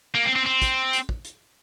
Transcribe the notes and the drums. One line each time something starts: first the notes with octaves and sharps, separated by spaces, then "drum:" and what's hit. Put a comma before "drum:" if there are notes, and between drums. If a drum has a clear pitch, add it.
A#3
C4
C4
C4
drum: kick, hi-hat
drum: hi-hat
drum: kick
drum: hi-hat